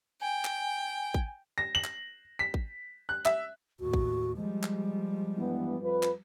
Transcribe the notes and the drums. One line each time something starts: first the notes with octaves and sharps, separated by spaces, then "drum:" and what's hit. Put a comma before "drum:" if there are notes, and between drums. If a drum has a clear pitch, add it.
G5 G#5
drum: clap
drum: kick
A#6
F#7
drum: clap
B6
drum: kick
F#6
E5, drum: clap
D#2 A2 F#4
drum: kick
F3 G3 G#3
drum: clap
G2 E3 B3
F2 F4 B4
drum: clap